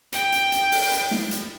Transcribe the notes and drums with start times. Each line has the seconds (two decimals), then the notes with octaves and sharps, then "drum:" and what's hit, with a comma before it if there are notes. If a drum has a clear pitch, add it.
0.12 G5, drum: hi-hat
0.32 drum: hi-hat
0.52 drum: hi-hat
0.72 drum: open hi-hat
0.92 drum: hi-hat
1.11 drum: snare
1.31 drum: hi-hat